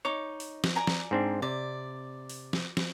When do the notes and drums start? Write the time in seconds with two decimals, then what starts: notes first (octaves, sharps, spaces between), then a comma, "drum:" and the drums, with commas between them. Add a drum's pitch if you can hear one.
0.05 D#4 C#5 D6
0.40 drum: open hi-hat
0.64 drum: snare
0.76 D5 G#5 A#5
0.87 drum: snare
1.11 G#2 C4 D4
1.42 C3 D5
2.29 drum: open hi-hat
2.53 drum: snare
2.77 drum: snare